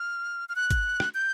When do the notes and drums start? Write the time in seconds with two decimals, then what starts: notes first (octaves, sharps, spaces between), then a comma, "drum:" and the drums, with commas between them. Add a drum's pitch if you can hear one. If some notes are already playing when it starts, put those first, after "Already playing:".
Already playing: F6
0.49 F6
0.56 F#6
0.71 drum: kick G#1, hi-hat
1.00 drum: rim click
1.15 G6